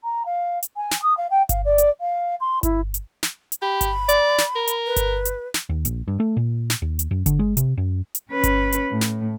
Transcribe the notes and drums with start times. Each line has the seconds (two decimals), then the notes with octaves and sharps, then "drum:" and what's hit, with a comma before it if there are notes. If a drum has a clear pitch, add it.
0.04 A#5
0.26 F5
0.63 drum: hi-hat
0.77 G#5
0.91 drum: snare
1.02 D#6
1.17 F5
1.31 G5
1.49 F5, drum: kick G1, hi-hat
1.65 D5
1.78 drum: hi-hat
2.01 F5
2.41 C6
2.63 E4, drum: kick G1, hi-hat
2.94 drum: hi-hat
3.23 drum: snare
3.52 drum: hi-hat
3.62 G4 B5
3.81 drum: kick G1, hi-hat
4.09 D5, drum: hi-hat
4.39 drum: snare
4.55 A#4
4.67 drum: hi-hat
4.86 B4
4.96 drum: kick G1, hi-hat
5.25 drum: hi-hat
5.54 drum: snare
5.69 D#2
5.85 A#1, drum: hi-hat
6.08 G2
6.20 A3
6.37 A#2
6.70 drum: snare
6.82 D#2
6.99 drum: hi-hat
7.11 F#2
7.26 D3, drum: kick G1, hi-hat
7.39 G#3
7.57 C3, drum: hi-hat
7.78 F#2
8.15 drum: hi-hat
8.31 C#4 B4
8.44 drum: kick G1, hi-hat
8.72 drum: hi-hat
8.91 A2
9.01 drum: snare